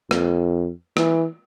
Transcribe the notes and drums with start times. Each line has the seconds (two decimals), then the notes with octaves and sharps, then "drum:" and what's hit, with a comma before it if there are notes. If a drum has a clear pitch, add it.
0.11 F2, drum: rim click
0.97 E3, drum: rim click